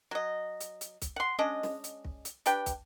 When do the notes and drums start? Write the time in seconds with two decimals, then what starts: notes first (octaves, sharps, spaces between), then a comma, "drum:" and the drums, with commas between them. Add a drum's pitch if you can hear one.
0.11 F#3 D#5
0.60 drum: hi-hat
0.81 drum: hi-hat
1.02 drum: kick, hi-hat
1.16 F#5 C6
1.39 G#3 C#4 D4 D#5
1.63 drum: snare
1.84 drum: hi-hat
2.05 drum: kick
2.25 drum: hi-hat
2.46 D4 G4 B4 G5, drum: hi-hat
2.66 drum: kick, hi-hat